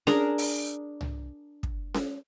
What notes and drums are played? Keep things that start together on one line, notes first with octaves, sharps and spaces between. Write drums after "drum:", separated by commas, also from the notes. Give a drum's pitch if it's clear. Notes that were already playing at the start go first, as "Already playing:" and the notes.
D4 G#4 A#4 A#5, drum: snare C#4
drum: open hi-hat
drum: tom C2
drum: kick
drum: snare C#4